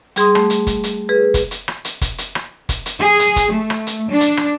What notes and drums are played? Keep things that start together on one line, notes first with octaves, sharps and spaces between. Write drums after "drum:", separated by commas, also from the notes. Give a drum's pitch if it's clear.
G3 G#4 C6 D#6, drum: hi-hat
A3, drum: rim click
drum: hi-hat
drum: kick, hi-hat
drum: hi-hat
G#4 B4
drum: kick, hi-hat
drum: hi-hat
drum: rim click
drum: hi-hat
drum: kick, hi-hat
drum: hi-hat
drum: rim click
drum: kick, hi-hat
drum: hi-hat
G#4
drum: hi-hat
drum: kick, hi-hat
A3
drum: rim click
drum: hi-hat
D4
drum: hi-hat
drum: rim click